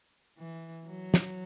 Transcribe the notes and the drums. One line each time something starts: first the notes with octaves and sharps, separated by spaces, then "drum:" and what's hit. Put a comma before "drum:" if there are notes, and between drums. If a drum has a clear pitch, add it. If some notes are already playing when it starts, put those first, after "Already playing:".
E3
F#3
drum: snare